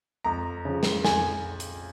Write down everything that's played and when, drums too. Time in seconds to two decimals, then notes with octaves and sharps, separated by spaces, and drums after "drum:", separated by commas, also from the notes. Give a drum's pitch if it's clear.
0.24 F2 A#5
0.65 C#3 F3
0.83 drum: snare
1.04 F2 G#5, drum: snare
1.60 drum: hi-hat